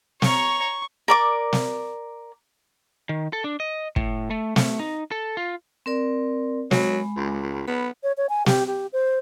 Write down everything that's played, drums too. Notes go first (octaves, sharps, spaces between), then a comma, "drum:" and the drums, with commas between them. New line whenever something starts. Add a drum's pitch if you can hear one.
C#5 A#5 C#6, drum: snare
A#4 D5 D6
drum: snare
D#3
A4
D4
D#5
A2, drum: kick
A3
A3, drum: snare
D#4
A4
F4
C4 A#4 D5
F#3 G#3 B5, drum: snare
C#2
B3 B5
C#5
C#5
G#5
G4, drum: snare
G4
C5